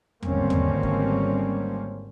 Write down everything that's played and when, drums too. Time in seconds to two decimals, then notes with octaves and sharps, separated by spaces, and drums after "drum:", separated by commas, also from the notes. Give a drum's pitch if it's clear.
0.23 G#1 D3 G3 A#3 C4 C#4, drum: tom E2
0.50 drum: tom E2
0.83 drum: kick